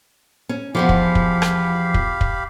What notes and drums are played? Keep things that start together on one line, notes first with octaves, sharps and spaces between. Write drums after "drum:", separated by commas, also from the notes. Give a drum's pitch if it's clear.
C#4
E2 G2 F3 G4 F5 B5
drum: kick
drum: kick
drum: rim click
drum: kick
drum: kick